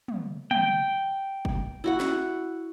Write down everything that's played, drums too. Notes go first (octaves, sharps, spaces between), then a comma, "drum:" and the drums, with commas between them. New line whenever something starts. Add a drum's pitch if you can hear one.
drum: tom
G5, drum: tom
drum: kick
E4 F#4 F#5
drum: snare